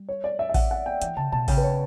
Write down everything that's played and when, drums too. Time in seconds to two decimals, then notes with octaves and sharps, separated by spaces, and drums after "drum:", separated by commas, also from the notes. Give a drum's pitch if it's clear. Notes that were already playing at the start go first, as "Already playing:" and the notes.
Already playing: G3
0.09 C#5
0.24 D5
0.39 E5
0.49 E5
0.54 F#5, drum: kick A1, open hi-hat
0.71 F#5
0.86 G5
1.02 E3 G5, drum: hi-hat
1.17 C#3 A5
1.32 B2 A5
1.48 C#3 G5, drum: kick A1, open hi-hat
1.57 B4
1.64 C#5